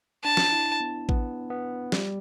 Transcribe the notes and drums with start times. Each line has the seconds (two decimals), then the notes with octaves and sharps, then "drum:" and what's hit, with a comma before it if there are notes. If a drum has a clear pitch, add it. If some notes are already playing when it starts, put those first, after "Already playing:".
0.24 D4 A5
0.37 drum: snare
0.52 E4
0.80 B3
1.09 B3, drum: kick A1
1.50 B3
1.92 G3, drum: snare